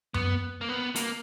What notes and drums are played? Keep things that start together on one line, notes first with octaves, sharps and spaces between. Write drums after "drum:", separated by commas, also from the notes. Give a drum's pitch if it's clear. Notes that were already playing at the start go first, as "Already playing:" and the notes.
B3, drum: tom F#2
A#3
B3
A#3, drum: hi-hat